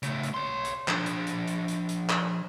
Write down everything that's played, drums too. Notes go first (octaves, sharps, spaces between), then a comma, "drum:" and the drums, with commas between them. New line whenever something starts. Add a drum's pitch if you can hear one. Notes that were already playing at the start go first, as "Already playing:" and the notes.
C#3 A3, drum: hi-hat
drum: hi-hat
C#5 C6
drum: hi-hat
F3 D4, drum: clap
drum: hi-hat
drum: hi-hat
drum: hi-hat
drum: hi-hat
drum: hi-hat
drum: clap